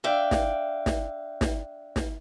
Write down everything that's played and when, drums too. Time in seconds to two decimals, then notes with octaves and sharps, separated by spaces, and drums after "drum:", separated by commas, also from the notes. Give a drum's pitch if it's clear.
0.04 D4 E5 F5 G5
0.31 drum: snare
0.86 drum: snare
1.41 drum: snare
1.96 drum: snare